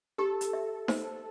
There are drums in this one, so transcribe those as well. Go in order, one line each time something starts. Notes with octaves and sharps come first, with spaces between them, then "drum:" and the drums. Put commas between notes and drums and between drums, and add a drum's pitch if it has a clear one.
G4 A4
drum: hi-hat
E5
C5, drum: snare D#4